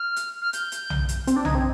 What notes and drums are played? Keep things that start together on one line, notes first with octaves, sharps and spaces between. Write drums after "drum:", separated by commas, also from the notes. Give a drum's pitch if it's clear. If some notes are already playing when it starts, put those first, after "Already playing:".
Already playing: F6
drum: hi-hat
F6
G6, drum: hi-hat
drum: hi-hat
drum: tom B1
drum: hi-hat
C4, drum: hi-hat
D4
D#4 G#6, drum: tom B1
C4